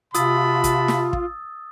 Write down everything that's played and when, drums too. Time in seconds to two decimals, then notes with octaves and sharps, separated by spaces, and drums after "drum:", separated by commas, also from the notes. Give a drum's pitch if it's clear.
0.14 C3 F4 F#4 A5 B5 D#6 E6 A6, drum: hi-hat
0.64 drum: kick, hi-hat
0.88 drum: snare
1.13 drum: kick